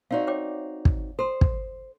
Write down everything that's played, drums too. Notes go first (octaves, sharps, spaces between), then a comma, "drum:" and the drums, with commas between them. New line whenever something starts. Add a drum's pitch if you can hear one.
C4 D#4 F#4 D5 F5
C#5 G5 D6
drum: kick
A4 C5 C6
drum: kick